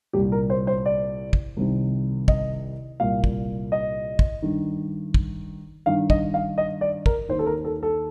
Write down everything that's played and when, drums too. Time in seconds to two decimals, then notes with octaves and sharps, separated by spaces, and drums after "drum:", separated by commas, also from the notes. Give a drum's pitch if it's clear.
0.13 C2 A#2 G4
0.32 A#4
0.50 C5
0.67 C5
0.86 D5
1.33 drum: kick
1.57 C2 C3 D#3
2.28 D#5, drum: kick
3.00 C2 A#2 F5
3.24 drum: kick
3.72 D#5
4.19 drum: kick
4.42 G2 D#3
5.14 drum: kick
5.86 G2 D#3 F5
6.10 D#5, drum: kick
6.34 F5
6.58 D#5
6.81 D5
7.06 A#4, drum: kick
7.29 D#2 D#3 C5
7.39 A4
7.46 A#4
7.65 A4
7.83 A4